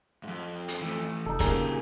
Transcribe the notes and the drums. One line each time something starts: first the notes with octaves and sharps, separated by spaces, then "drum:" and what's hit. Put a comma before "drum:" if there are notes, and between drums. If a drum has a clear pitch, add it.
F2 G#2
drum: hi-hat
E3 A3
F1 D#4 A4
D2 A#2 C#3 D#4 G4 G#4 A#4, drum: kick, hi-hat